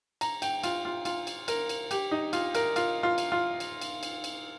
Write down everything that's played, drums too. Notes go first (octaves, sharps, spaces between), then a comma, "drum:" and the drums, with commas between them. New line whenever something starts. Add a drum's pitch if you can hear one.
A#5, drum: cymbal
G5, drum: cymbal
F4, drum: cymbal
F4
F4, drum: cymbal
drum: cymbal
A#4, drum: cymbal
drum: cymbal
G4, drum: cymbal
D#4
F4, drum: cymbal
A#4, drum: cymbal
F4, drum: cymbal
F4
drum: cymbal
F4
drum: cymbal
drum: cymbal
drum: cymbal
drum: cymbal